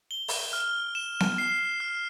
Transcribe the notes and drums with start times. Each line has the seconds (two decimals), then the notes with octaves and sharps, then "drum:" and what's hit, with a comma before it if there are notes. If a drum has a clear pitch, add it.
0.11 G7
0.28 drum: open hi-hat
0.53 F6
0.95 E7
1.20 drum: snare B3
1.38 C7
1.80 F6